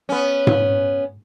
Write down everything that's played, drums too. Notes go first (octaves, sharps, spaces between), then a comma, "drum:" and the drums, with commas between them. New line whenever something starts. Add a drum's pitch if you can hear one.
B3 C#4
drum: tom G#2